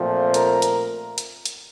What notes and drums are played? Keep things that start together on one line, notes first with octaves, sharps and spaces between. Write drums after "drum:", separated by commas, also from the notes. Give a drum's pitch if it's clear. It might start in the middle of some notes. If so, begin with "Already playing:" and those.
Already playing: A#2 F3 A3 C4
A#4, drum: hi-hat
drum: hi-hat
drum: hi-hat
drum: hi-hat